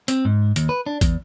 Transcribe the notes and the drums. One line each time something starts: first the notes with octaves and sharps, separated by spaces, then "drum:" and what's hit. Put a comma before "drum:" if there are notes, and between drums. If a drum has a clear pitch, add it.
C4, drum: hi-hat
G#2
D#2, drum: hi-hat
B4
D4
E2, drum: kick, hi-hat